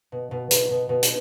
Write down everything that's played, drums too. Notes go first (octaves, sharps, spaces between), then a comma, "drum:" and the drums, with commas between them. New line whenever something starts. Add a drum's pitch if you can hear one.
B2
B2
B2, drum: hi-hat
B2
B2
drum: hi-hat